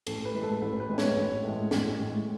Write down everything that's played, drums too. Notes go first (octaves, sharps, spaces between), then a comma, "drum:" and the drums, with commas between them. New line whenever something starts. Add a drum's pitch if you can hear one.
A1 A4, drum: cymbal
B4
A2 G#3
A4
A1 B4
B4
A2 G#3
C#5, drum: snare
A1
A2 G#3
A1, drum: snare
A2 G#3